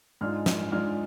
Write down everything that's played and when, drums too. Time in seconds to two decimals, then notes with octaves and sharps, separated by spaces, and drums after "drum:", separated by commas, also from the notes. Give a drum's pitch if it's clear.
0.21 G#2 G#3 D4 F4 F6
0.46 drum: snare
0.72 G#2 G#3 D4 F4 F6